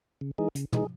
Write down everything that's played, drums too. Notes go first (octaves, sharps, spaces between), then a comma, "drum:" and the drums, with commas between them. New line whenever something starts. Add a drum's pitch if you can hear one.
C#3
E3 G#3 D#4 G#4
C#3, drum: hi-hat
E3 G#3 D#4 G#4, drum: tom